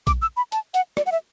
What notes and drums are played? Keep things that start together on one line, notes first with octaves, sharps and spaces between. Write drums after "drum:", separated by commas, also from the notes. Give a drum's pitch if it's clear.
D6, drum: kick A#1, hi-hat
E6
B5
A5, drum: hi-hat
F#5, drum: hi-hat
D5, drum: rim click
F#5
E5